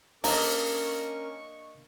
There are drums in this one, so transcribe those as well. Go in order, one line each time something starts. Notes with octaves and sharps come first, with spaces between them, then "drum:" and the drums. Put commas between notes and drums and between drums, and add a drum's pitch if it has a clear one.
A#3 C#4 D4 A#4 D#5 C#6, drum: open hi-hat